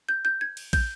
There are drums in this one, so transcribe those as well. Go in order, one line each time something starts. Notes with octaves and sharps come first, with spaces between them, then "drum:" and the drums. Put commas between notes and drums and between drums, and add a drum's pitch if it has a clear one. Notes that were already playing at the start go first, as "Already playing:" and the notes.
G6
G6
G#6
drum: cymbal
G6, drum: kick, cymbal